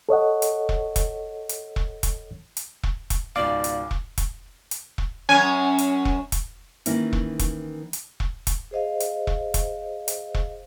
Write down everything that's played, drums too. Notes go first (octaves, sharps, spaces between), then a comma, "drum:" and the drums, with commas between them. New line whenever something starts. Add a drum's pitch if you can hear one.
A4 C#5 D#5 F#5
drum: hi-hat
drum: kick E1
drum: kick E1, hi-hat
drum: hi-hat
drum: kick E1
drum: kick E1, hi-hat
drum: hi-hat
drum: kick E1
drum: kick E1, hi-hat
C#2 G#2 B2 D5 F5 D6
drum: hi-hat
drum: kick E1
drum: kick E1, hi-hat
drum: hi-hat
drum: kick E1
F#2 C#4 G#5
drum: hi-hat
drum: kick E1
drum: kick E1, hi-hat
D#3 E3 A#3 C#4 E4, drum: hi-hat
drum: kick E1
drum: kick E1, hi-hat
drum: hi-hat
drum: kick E1
drum: kick E1, hi-hat
G#4 C5 D#5 F5
drum: hi-hat
drum: kick E1
drum: kick E1, hi-hat
drum: hi-hat
drum: kick E1